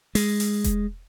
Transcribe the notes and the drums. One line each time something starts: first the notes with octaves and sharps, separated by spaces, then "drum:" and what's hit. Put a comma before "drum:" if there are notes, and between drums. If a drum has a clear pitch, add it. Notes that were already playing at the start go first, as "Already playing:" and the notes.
G#3, drum: open hi-hat
drum: open hi-hat
drum: kick E1, hi-hat